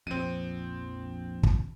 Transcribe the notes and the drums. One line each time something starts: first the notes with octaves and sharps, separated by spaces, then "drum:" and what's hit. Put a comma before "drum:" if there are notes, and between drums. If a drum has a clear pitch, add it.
A#1 F2 C4 D#7
drum: kick